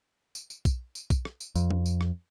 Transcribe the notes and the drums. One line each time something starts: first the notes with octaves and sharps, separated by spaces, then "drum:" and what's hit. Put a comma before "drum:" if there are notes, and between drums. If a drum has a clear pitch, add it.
drum: tambourine
drum: tambourine
drum: kick, tambourine
drum: tambourine
drum: kick, tambourine
drum: rim click
drum: tambourine
F2, drum: tambourine
drum: tom F3
drum: tambourine
drum: rim click